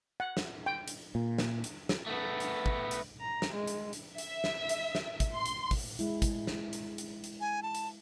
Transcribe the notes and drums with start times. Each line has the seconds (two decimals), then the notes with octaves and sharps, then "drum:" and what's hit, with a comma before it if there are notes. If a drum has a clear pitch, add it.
0.20 F#5
0.37 drum: snare
0.66 G5
0.88 drum: hi-hat
1.15 A#2
1.38 drum: snare
1.64 drum: hi-hat
1.89 drum: snare
2.06 A3 B3
2.40 drum: hi-hat
2.66 drum: kick
2.91 drum: hi-hat
3.21 A#5
3.42 drum: snare
3.54 G#3
3.67 drum: hi-hat
3.93 drum: hi-hat
4.18 E5, drum: hi-hat
4.44 drum: snare
4.69 drum: hi-hat
4.95 drum: snare
5.20 drum: kick, hi-hat
5.34 C6
5.46 drum: hi-hat
5.71 drum: kick, open hi-hat
5.99 G#3 E4, drum: hi-hat
6.22 drum: kick, hi-hat
6.47 drum: snare
6.73 drum: hi-hat
6.98 drum: hi-hat
7.24 drum: hi-hat
7.41 G#5
7.63 A5
7.75 drum: hi-hat